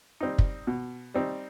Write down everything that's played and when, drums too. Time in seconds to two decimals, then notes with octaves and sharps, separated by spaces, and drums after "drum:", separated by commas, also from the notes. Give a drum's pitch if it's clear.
0.20 G3 C4 D#4
0.39 drum: kick
0.67 B2
1.14 G3 C4 D#4